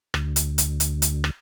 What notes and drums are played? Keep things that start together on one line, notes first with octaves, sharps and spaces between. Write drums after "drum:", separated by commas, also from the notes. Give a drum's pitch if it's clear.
D2, drum: rim click
drum: hi-hat
drum: hi-hat
drum: hi-hat
drum: hi-hat
drum: rim click